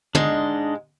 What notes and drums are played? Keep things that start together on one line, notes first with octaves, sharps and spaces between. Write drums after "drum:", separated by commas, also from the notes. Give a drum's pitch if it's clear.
G#2 G#3 D4 D#5, drum: tom